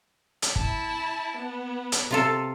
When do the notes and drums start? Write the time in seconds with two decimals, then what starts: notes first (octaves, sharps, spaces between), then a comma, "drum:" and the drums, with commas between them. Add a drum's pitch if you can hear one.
0.42 drum: hi-hat
0.56 E4 A5, drum: kick
1.37 B3
1.92 drum: hi-hat
2.11 C3 F4 A4